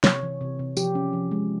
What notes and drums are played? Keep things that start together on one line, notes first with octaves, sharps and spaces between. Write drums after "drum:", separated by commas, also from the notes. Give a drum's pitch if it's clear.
C3 C#5, drum: snare
E3
C3
C3
F3 G4, drum: tambourine
C#4
F3
G#3